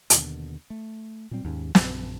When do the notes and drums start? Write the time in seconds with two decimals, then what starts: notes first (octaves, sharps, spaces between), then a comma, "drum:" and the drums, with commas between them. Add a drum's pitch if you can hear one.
0.10 D#2 B2 D3, drum: hi-hat
0.70 A3
1.31 A#2 F#3 G3 C4
1.45 D#2 G#2 C#4
1.75 A#1 F#2 C#3, drum: snare